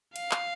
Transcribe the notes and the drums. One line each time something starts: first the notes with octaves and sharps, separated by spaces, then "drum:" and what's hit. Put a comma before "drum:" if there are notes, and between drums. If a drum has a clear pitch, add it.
F5, drum: cymbal
drum: clap